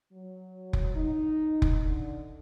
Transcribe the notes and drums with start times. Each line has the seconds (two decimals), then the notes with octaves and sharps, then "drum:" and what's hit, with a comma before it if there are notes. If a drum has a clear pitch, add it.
0.12 F#3
0.73 drum: kick F1
0.95 D#4
1.62 drum: kick F1
1.84 D3